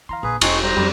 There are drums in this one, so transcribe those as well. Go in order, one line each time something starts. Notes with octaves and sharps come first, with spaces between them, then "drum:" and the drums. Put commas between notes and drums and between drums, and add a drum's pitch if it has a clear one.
E3 F5 A#5 C6
A#1 G#4 B4
E1 D#4 E4 G5 G#5 C6 C#6 A6, drum: cymbal
G3 G4 C5 A#5 G6
F2 G3